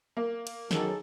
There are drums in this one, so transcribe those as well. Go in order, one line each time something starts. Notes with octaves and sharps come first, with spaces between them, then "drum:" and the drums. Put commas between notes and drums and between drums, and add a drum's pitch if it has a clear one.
A#3
drum: cymbal
F#2 D#3 F#3 D#4 G#4 A4, drum: snare